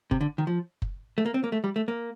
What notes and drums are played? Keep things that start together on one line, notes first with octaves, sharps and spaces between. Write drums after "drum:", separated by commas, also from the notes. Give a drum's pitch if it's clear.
C3, drum: kick F#1
D3
D#3
F3
drum: kick F#1
A3
A#3
C4
A#3
A3
G3
A3
A#3